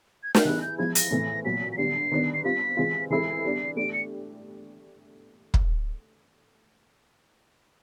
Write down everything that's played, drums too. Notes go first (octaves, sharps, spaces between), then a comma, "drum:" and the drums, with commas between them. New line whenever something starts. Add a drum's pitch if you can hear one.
G#6
G6, drum: snare
E3 G3 B3 E4 G#4 F#6
G6
F3 G#3 B3 E4 G#6
A#6, drum: hi-hat
A2 E3 A3 C4
A#2 F#3 B3 B6
B6
D3 G3 B3 C7
D#3 G3 B3 D4
C7
G3 C4 F4 B6
E3 G#3 C4 F4
E3 G#3 C4 E4 A4 C7
G3 B3 D4
A3 D4 G4 D7
C#7
drum: kick